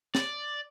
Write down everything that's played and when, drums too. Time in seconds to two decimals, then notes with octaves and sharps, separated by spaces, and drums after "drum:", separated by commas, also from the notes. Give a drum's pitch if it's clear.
0.15 D5, drum: snare